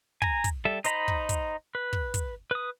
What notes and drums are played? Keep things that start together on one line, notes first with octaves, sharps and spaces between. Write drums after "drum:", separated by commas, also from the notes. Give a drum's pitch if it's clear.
G#5 A#5, drum: kick
drum: kick, hi-hat
G3 A4 E5
D#4 C5 D#5 A#5 B5, drum: hi-hat
drum: kick
drum: kick, hi-hat
B4
drum: kick
drum: kick, hi-hat
B4 D#6